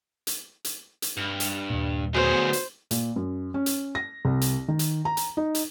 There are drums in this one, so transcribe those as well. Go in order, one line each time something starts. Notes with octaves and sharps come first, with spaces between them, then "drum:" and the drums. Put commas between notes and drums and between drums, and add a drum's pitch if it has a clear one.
drum: hi-hat
drum: hi-hat
drum: hi-hat
G2
drum: hi-hat
D#2 A#2
D2 F#3 B3 G#4 C5
drum: hi-hat
A#2, drum: hi-hat
F#2
C#4
drum: hi-hat
A#6
C2
drum: hi-hat
D#3
drum: hi-hat
A#5
drum: hi-hat
D#4
drum: hi-hat